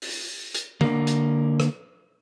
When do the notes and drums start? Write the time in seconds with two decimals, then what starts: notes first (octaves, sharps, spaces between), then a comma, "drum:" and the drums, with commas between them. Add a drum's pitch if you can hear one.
0.02 drum: open hi-hat
0.55 drum: hi-hat
0.81 D3 A#3, drum: tom D3
1.07 drum: hi-hat
1.60 drum: rim click